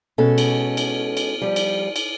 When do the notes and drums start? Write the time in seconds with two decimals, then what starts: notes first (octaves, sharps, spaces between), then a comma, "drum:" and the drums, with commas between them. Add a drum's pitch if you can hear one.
0.18 B2 G#3 C#4 A4
0.38 drum: cymbal
0.77 drum: cymbal
1.17 drum: cymbal
1.42 F3 G3
1.56 drum: cymbal
1.96 drum: cymbal